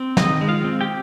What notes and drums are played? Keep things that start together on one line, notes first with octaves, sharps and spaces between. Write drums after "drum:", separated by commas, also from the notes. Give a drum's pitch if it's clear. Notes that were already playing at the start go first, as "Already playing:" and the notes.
Already playing: C4
D#3 D#4 D#5, drum: snare
G#3
F4 F5
C4
G4 G5